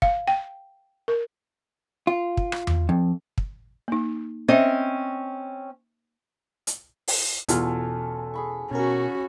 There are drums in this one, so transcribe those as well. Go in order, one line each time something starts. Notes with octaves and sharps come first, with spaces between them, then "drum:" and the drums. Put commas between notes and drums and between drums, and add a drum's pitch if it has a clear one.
F5, drum: kick
G5
A#4
F4
drum: kick
drum: rim click
drum: tom E2
F2
drum: kick
A#3 D#4
C4 C#4 C5 D#5 E5
drum: hi-hat
drum: open hi-hat
E2 B2 C#4 F4 F#4 A4 F6, drum: hi-hat
G#4 B5 C#6
B2 C#4 F#4 A#4